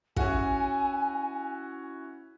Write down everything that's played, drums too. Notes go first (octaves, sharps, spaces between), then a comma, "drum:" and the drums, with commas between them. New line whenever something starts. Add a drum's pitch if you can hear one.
C#4 E4 F#4 G#5, drum: kick